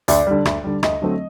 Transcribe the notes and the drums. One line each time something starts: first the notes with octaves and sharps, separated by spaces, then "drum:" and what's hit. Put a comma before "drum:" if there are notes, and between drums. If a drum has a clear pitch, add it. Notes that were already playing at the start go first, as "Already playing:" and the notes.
D2 D5, drum: hi-hat
D3 G3
D2, drum: rim click
D3 G3
D2 D#5, drum: rim click
D3 F#3 A3 C4